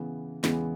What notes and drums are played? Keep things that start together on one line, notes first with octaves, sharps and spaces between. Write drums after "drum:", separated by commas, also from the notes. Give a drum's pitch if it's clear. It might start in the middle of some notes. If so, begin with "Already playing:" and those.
Already playing: C#3 E3 B3
E2 C#3 E3 G#3 B3, drum: snare